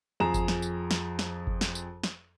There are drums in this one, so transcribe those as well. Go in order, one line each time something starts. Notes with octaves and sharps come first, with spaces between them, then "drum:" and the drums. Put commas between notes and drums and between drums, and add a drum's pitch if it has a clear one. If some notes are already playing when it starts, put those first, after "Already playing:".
F2 G#4 A#5 E7
drum: kick G1, tambourine
drum: snare
drum: tambourine
drum: snare
drum: snare
drum: kick G1
drum: snare
drum: tambourine
drum: snare